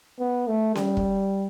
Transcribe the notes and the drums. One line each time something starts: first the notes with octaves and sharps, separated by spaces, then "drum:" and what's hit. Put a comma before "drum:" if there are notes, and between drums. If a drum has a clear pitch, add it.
B3
A3
G3, drum: snare C#4
drum: kick